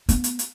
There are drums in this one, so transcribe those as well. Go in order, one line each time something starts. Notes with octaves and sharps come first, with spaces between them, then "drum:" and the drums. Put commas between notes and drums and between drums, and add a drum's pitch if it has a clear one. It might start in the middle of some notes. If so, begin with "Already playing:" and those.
B3, drum: hi-hat
drum: hi-hat
drum: hi-hat